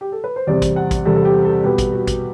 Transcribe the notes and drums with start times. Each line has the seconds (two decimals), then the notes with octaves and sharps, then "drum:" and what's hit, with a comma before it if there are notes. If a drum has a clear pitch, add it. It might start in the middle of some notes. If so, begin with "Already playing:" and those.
0.01 G4
0.12 A4
0.24 B4
0.36 C5
0.47 E2 C3 G3 C4 D5
0.62 drum: kick A1, hi-hat
0.76 F#5
0.91 drum: kick A1, hi-hat
1.05 E2 C3 G3 C4 A4
1.15 A4
1.25 G4
1.45 A4
1.64 B2 G3 B3 G4
1.78 drum: kick A1, hi-hat
1.93 F#4
2.07 drum: kick A1, hi-hat